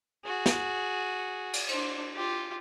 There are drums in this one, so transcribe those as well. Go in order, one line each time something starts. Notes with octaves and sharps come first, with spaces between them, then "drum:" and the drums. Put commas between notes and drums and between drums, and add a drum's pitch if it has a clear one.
F#4 G#4
drum: snare
drum: cymbal
D4 C5, drum: cymbal
F4 G4